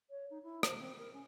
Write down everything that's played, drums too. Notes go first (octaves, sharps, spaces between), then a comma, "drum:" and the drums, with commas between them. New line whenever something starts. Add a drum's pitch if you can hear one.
C#5
D#4
E4
C5, drum: rim click
C4
A#4
C#4